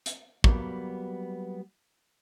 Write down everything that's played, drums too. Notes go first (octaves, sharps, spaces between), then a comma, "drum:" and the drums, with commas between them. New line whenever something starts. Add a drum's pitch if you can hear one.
drum: hi-hat
F#3 G3 A#3 B3, drum: kick